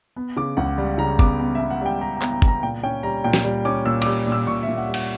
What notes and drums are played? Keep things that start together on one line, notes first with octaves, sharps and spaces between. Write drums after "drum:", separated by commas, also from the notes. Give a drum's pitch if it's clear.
B3
C#3 D6
C#2 F#5
G3
C#3 A#5
B3 D6, drum: kick G1
B3
E5
B3
F#5
G3 G5
G3 A#5
A#5
B3, drum: clap
A#5
B3, drum: kick G1
A#5
A#2 G5
C#4 G5
G3 A#5
A#2 G5
drum: snare
G3
C#4 D6
A#2 E6
D6, drum: cymbal
G3
A#2
E6
A#2 C#6
E5
A#2
F#5
G3
F#5, drum: cymbal